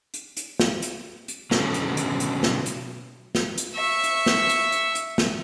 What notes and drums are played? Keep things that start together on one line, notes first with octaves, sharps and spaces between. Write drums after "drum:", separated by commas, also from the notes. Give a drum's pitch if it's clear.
drum: hi-hat
drum: hi-hat
drum: snare
drum: hi-hat
drum: hi-hat
B2 D3 F#3 A3 B3 C#4, drum: snare
drum: hi-hat
drum: hi-hat
drum: hi-hat
drum: snare
drum: hi-hat
drum: snare
drum: hi-hat
E5 C#6
drum: hi-hat
drum: snare
drum: hi-hat
drum: hi-hat
drum: hi-hat
drum: snare